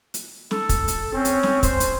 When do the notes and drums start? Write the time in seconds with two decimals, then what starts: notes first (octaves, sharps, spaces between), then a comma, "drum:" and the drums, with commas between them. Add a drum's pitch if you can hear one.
0.14 drum: hi-hat
0.51 A4, drum: snare
0.69 drum: kick, hi-hat
0.88 drum: hi-hat
1.14 C4 C#4
1.25 drum: hi-hat
1.43 drum: snare
1.63 C5, drum: kick, hi-hat
1.80 drum: hi-hat